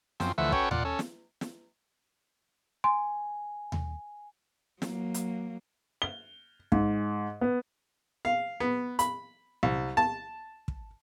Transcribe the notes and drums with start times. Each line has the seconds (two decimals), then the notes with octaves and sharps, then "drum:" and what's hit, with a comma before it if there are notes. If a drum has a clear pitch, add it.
0.20 F#2 F3 C4, drum: snare
0.38 D2 E3 F3 A3 E5 F#5
0.52 C#4 F#4 A4 B4 C#5 G5, drum: kick
0.71 A#2 F4 D5 F#5, drum: tom D#2
0.85 C#4 A4
0.99 drum: snare
1.41 drum: snare
2.84 G#5 C6
3.72 drum: tom D#2
4.82 F#3 A#3, drum: snare
5.14 drum: hi-hat
6.02 G7
6.72 G#2, drum: kick
7.41 B3
8.25 F5
8.60 B3
8.99 B5, drum: hi-hat
9.63 C2
9.97 A5
10.68 drum: kick